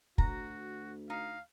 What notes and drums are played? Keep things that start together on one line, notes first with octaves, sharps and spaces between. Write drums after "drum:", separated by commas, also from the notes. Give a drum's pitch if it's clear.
D2 F#4 A#5, drum: kick
D#4 F5